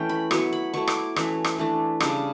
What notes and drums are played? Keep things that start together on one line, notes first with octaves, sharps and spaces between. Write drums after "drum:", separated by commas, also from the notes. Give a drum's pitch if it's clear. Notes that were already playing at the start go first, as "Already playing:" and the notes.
Already playing: E3 A3 C#4 G5
B5
F#3 B3 E4 C#6, drum: rim click
B5
F#3 A3 E4 C#6
D6, drum: rim click
E3 A3 C#4, drum: rim click
drum: rim click
E3 A3 D4
C#3 G3 D4, drum: rim click